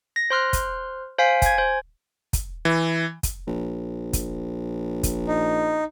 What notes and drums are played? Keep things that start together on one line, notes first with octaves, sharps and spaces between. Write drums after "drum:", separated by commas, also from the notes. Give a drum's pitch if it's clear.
A#6
C5 C6 F6 F#6
drum: kick, hi-hat
C5 F5 G#5 B6 C7 D7
G#5 G#6, drum: kick, hi-hat
C5
drum: kick, hi-hat
E3
drum: kick, hi-hat
A#1
drum: kick, hi-hat
drum: kick, hi-hat
D#4